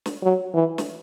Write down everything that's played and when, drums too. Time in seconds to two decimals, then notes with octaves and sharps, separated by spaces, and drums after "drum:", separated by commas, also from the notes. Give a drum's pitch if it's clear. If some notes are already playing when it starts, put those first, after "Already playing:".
0.06 drum: snare
0.22 F#3
0.54 E3
0.78 drum: snare